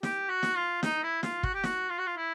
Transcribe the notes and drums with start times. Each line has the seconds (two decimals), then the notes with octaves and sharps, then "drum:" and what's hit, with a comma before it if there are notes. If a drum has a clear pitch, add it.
0.03 G4, drum: snare
0.29 F#4
0.43 drum: snare
0.56 F4
0.83 D#4, drum: snare
1.03 E4
1.23 F4, drum: snare
1.43 F#4, drum: kick
1.54 G4
1.64 F#4, drum: snare
1.90 F4
1.98 F#4
2.06 F4
2.17 E4